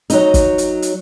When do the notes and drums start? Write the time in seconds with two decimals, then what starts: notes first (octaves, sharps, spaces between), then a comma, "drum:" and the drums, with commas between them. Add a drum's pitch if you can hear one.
0.10 F#3 D#4, drum: hi-hat
0.34 drum: kick, hi-hat
0.58 drum: hi-hat
0.82 drum: hi-hat